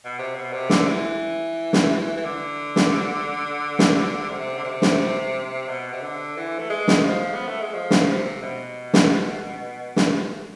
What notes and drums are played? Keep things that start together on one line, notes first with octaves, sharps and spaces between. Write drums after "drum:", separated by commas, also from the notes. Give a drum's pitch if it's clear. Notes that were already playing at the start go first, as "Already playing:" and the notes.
B2
C3
B2
C3
D3, drum: snare
E3
drum: snare
E3
D3
drum: snare
drum: snare
C3
D3
C3
drum: snare
B2
C3
D3
E3
A3
G#3
drum: snare
F3
B3
A3
G#3
F3
drum: snare
C3
B2
drum: snare
drum: snare